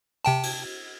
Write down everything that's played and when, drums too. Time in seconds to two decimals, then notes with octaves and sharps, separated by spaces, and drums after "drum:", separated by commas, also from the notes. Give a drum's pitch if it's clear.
0.25 C3 G5 A5
0.43 drum: cymbal